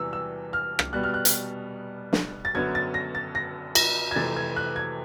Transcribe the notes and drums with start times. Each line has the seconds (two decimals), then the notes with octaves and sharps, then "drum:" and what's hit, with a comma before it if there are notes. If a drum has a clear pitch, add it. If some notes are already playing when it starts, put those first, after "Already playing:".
Already playing: E2 C3 E3 G3 E6
0.13 E6
0.53 F6
0.79 drum: rim click
0.93 B2 G3 B3 F#6
1.04 F6
1.14 F#6
1.25 drum: hi-hat
2.13 drum: snare
2.45 A6
2.55 F#2 D3 F#3 B3 G#6
2.75 A6
2.94 A#6
3.15 A6
3.35 A#6
3.75 A#6, drum: cymbal
4.11 G#6
4.15 F2 C3 E3 A3 C4 A6
4.36 G#6
4.56 F#6
4.76 G#6